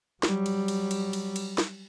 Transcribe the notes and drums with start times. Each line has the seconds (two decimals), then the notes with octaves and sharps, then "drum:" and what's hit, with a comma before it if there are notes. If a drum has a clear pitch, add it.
0.23 F#3 G3, drum: snare
0.46 drum: cymbal
0.68 drum: cymbal
0.91 drum: cymbal
1.13 drum: cymbal
1.36 drum: cymbal
1.58 drum: snare